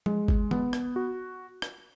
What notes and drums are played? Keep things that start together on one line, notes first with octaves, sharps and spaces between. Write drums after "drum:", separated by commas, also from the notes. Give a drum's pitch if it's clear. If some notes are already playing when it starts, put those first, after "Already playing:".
G#3, drum: tom F3
drum: kick G#1
B3, drum: tom
drum: rim click
F#4
drum: rim click